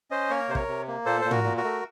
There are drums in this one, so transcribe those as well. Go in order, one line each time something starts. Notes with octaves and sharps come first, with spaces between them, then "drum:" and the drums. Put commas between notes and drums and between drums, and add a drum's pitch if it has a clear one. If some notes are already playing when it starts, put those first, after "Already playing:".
C#4 C5 D#5
A#3 A#4 C#5
C3 C5
A#4 C#5, drum: kick
C3
A#3
A#2 A4 C5
A#2 C5
F#4 A#4, drum: tom
A#2
F#4 A#4
A3